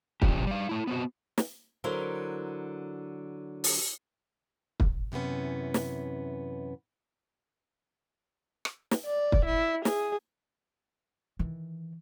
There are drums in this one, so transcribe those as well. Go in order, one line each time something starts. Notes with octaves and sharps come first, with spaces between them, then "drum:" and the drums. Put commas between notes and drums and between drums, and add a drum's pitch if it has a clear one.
A#2 C#3 F3 G4, drum: kick
G3 F5
A3 E4
B3 C4 F#4
drum: snare
D3 F#3 E4 A#4 C5
drum: open hi-hat
drum: kick
F#2 C3 E3 B3 C#4
drum: snare
drum: rim click
drum: snare
D5
drum: kick
E4
G#4, drum: snare
D#3 E3